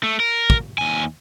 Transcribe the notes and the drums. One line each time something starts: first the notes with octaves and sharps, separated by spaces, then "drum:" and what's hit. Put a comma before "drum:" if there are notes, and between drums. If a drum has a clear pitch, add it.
A3
A#4
drum: kick
D#2 G#5